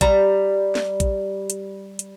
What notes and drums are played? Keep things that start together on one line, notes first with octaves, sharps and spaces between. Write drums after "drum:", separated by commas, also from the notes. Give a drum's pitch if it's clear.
G3 A#5, drum: kick A#1, hi-hat
drum: snare
drum: kick A#1, hi-hat
drum: hi-hat
drum: hi-hat